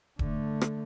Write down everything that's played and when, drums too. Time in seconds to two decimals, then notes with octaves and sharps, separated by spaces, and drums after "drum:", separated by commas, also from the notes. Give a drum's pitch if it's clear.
0.19 D3 A3, drum: kick D#1
0.61 drum: rim click